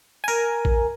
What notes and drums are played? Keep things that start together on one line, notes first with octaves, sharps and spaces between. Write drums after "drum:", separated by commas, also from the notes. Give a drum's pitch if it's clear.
A#4 G#5
drum: kick A1